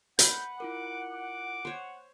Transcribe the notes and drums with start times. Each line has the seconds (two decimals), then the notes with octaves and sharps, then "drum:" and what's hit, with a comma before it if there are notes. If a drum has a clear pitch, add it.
0.19 B4 F#5 G6, drum: hi-hat
0.60 E4 F4 A#4 D6
1.12 D6
1.65 C5 C#5